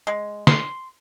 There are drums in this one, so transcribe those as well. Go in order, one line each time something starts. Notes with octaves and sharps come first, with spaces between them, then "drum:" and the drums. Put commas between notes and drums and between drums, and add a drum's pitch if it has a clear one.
G#3
C6, drum: snare